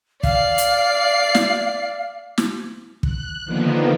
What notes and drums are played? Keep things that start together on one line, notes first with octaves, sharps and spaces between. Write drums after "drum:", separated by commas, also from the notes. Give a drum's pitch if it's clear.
D5 F5 C7, drum: kick
drum: hi-hat
drum: snare
drum: snare
F#6, drum: kick
D3 D#3 F3 A#3 B3